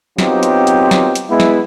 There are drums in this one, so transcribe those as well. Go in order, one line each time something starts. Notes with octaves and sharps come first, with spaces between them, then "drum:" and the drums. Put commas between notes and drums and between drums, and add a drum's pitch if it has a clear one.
F#3 B3 C4 D#4 F4 G4, drum: snare
drum: hi-hat
drum: hi-hat
drum: snare
drum: hi-hat
G#3 B3 E4
drum: snare